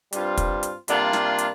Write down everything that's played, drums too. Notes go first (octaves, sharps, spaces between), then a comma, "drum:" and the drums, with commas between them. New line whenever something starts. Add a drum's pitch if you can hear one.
G2 G3 C4 F4, drum: hi-hat
drum: kick, hi-hat
drum: hi-hat
C3 G3 A#3 D4 F4, drum: hi-hat
drum: snare
drum: hi-hat